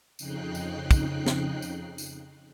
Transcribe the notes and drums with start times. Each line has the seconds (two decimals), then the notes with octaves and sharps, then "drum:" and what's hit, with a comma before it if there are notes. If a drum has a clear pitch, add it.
0.19 F2 C#3 D#4 G5 F#6 C7, drum: tambourine
0.55 drum: tambourine
0.91 drum: kick, tambourine
1.26 drum: snare
1.62 drum: tambourine
1.98 drum: tambourine